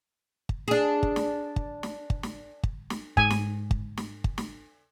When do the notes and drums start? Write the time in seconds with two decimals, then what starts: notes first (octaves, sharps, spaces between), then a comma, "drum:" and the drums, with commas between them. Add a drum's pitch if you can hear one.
0.49 drum: kick
0.68 D4 G#4
1.03 drum: kick
1.16 drum: snare
1.56 drum: kick
1.83 drum: snare
2.10 drum: kick
2.23 drum: snare
2.63 drum: kick
2.90 drum: snare
3.17 G#2 G#5, drum: kick
3.30 drum: snare
3.71 drum: kick
3.97 drum: snare
4.24 drum: kick
4.38 drum: snare